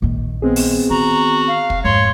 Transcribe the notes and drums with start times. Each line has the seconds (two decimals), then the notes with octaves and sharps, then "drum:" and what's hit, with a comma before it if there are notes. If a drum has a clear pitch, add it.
0.02 A#1 D#3
0.42 G#3 B3 C4 G#4
0.56 drum: open hi-hat
0.90 D#3 F#4 A#5
1.48 F5
1.70 drum: kick
1.85 F2 G#2 C#5 C6